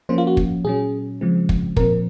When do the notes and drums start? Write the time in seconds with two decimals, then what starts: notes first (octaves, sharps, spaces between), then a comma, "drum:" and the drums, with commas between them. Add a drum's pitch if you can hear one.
0.09 F3 A#3 C#4 C5
0.18 F4
0.27 F#4
0.37 drum: kick
0.65 A#2 F#3 C#4 G#4
1.21 C#3 F3 G#3 C4
1.49 drum: kick
1.76 A#2 F3 C4 A#4, drum: kick